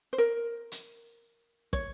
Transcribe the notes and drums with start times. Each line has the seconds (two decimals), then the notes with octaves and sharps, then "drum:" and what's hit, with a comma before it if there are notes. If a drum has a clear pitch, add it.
0.13 C5
0.18 A#4
0.72 drum: hi-hat
1.73 C#5, drum: kick